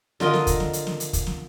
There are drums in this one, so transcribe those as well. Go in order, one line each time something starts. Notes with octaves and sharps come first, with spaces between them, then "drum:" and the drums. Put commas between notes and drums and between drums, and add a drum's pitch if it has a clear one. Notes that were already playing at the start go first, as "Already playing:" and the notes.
D3 F4 A#4 D#5, drum: snare
drum: snare
drum: kick, hi-hat
drum: snare
drum: hi-hat
drum: snare
drum: hi-hat
drum: kick, hi-hat
drum: snare